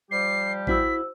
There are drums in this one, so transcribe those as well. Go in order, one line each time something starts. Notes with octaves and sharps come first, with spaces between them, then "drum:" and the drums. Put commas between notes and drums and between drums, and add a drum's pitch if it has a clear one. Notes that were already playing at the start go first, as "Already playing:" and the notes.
F3 G3 G4 C7
E4 F#4 C5 E6 B6, drum: kick